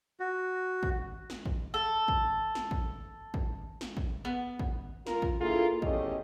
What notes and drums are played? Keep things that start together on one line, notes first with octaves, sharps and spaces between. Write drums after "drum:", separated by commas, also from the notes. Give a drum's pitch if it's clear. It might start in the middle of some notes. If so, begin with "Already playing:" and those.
F#4
drum: kick
drum: snare
drum: kick
A4
drum: kick
drum: snare
drum: kick
drum: kick
drum: snare
drum: kick
B3
drum: kick
F4 A#4, drum: snare
drum: kick
A#3 D4 E4 F4 G#4 A4
E2 A3 C#4 G4 D#5, drum: kick